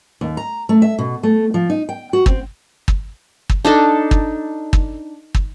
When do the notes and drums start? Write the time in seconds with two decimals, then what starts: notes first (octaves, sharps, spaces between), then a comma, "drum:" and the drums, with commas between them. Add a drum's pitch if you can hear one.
0.21 D#2
0.37 A#5
0.69 A3
0.82 E5
0.99 B2
1.23 A3
1.54 F3
1.70 D#4
1.89 G5
2.13 F#4
2.26 C4, drum: kick
2.88 drum: kick
3.50 drum: kick
3.65 D4 D#4 A4
4.11 drum: kick
4.73 drum: kick
5.35 drum: kick